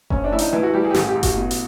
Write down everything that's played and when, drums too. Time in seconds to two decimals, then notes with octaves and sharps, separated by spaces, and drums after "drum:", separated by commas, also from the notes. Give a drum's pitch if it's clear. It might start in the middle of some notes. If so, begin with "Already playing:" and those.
0.10 A#1 C#4, drum: kick F#1
0.24 D4
0.31 A#1 E4
0.39 D#4, drum: hi-hat
0.53 E3 E4
0.63 F#4
0.73 G3 G4
0.84 G#4
0.90 G4
0.94 A1 G#4, drum: snare
1.08 G4
1.15 A1
1.23 F#4, drum: kick F#1, hi-hat
1.36 B2
1.51 drum: hi-hat